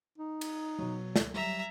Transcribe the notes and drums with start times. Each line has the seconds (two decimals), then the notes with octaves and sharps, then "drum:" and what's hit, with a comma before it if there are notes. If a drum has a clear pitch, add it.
0.18 D#4
0.41 drum: cymbal
0.78 B2 F#3
1.16 drum: snare
1.34 F#3 G3 E5 A#5